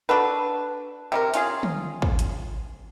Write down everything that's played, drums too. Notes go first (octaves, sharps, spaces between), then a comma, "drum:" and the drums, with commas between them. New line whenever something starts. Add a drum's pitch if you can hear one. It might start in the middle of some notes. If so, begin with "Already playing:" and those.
D4 F#4 A4 B4
C3 E4 A#4
C#4 F4 G#4, drum: hi-hat
drum: tom
drum: kick
drum: hi-hat